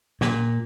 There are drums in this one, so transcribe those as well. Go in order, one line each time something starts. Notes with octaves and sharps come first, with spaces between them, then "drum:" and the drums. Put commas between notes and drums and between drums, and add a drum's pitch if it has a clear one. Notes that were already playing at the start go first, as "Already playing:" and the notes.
A#2, drum: snare